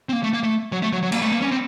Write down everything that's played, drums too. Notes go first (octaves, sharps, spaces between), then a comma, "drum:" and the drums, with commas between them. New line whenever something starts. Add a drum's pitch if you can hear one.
C4
A#3
A3
A#3
A3
F#3
A3
F#3
F#3
A#3, drum: cymbal
A3
A#3
C#4
C4